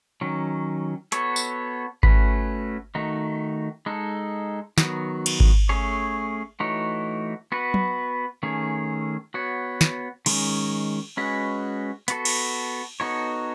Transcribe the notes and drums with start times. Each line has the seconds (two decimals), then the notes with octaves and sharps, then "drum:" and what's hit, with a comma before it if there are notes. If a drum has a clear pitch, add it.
0.21 D#3 F#3 C#4
1.12 B3 F#4 A4 C#5, drum: hi-hat
1.36 drum: tambourine
2.03 A3 C#4 F#4 B4, drum: kick G#1
2.95 D#3 A3 D#4 F#4
3.86 G#3 D#4 A4
4.78 D#3 F#3 B3 F#4, drum: snare
5.26 drum: cymbal
5.40 drum: kick G#1
5.69 A3 C#4 G#4 C#5
6.60 E3 A3 D#4 F#4 C#5
7.52 B3 F#4 B4
7.74 drum: tom F#3
8.43 D#3 A3 C#4 G#4
9.34 B3 F#4 C#5
9.81 drum: snare
10.26 D#3 G#3 C#4, drum: cymbal
11.17 G#3 C#4 F#4 B4
12.08 B3 F#4 A4, drum: hi-hat
12.25 drum: cymbal
13.00 B3 D#4 F#4 A4 C#5